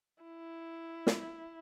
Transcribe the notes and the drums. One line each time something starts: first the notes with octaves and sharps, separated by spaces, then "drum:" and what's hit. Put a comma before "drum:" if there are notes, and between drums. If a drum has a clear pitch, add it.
E4
drum: snare